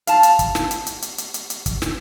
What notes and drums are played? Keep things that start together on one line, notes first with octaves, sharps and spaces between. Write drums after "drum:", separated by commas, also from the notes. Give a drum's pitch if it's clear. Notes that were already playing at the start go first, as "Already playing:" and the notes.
F5 A5, drum: hi-hat
drum: hi-hat
drum: kick, hi-hat
drum: snare
drum: hi-hat
drum: hi-hat
drum: hi-hat
drum: hi-hat
drum: hi-hat
drum: hi-hat
drum: kick, hi-hat
drum: snare